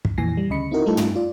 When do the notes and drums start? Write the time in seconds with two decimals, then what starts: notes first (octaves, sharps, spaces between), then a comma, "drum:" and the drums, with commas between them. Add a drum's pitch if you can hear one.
0.05 drum: kick
0.18 F2 A#2 E3 G#5 A#6 C7
0.37 G3
0.50 D2 C#3 D#5 B5 C#7
0.71 C4 D#4 E4 F#4 A#4
0.86 G3 A3 D#4 F4 A4
0.97 drum: tom
1.16 F4 D5